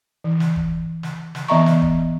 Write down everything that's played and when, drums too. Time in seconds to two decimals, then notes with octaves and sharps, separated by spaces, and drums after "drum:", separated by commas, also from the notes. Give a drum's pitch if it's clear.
0.24 E3
0.40 drum: snare
0.56 drum: kick F1
1.03 drum: snare
1.35 drum: snare
1.48 E3 B3 D#5 E5 A#5 C#6
1.66 drum: snare
1.82 drum: kick F1